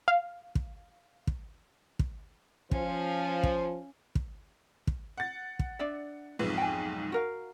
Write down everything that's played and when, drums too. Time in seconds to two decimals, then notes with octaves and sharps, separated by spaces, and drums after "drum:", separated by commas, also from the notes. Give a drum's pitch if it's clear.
0.08 F5
0.55 drum: kick
1.27 drum: kick
1.99 drum: kick
2.71 F3 C#4 F5, drum: kick
3.43 drum: kick
4.15 drum: kick
4.87 drum: kick
5.18 F#5 A6
5.59 drum: kick
5.79 D4 D5 E5
6.39 B1 F2 G#2 B4 E5
6.57 G5 G#5
7.12 F#4 A#4 F5